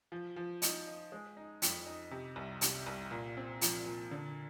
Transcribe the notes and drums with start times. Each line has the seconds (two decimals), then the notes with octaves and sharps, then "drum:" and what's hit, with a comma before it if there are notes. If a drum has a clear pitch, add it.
0.12 F3
0.36 F3
0.62 D#4, drum: hi-hat
0.87 D#4
1.12 G#3
1.37 D#4
1.62 F2, drum: hi-hat
1.86 D#4
2.11 C3
2.36 C2
2.61 C3, drum: hi-hat
2.86 C2
3.11 A#2
3.37 C4
3.61 F3, drum: hi-hat
3.86 A#2
4.11 D3